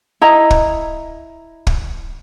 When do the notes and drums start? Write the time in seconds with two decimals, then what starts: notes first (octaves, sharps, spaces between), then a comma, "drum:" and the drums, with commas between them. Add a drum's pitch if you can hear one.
0.21 E4 D#5 A#5
0.51 drum: kick
1.67 drum: kick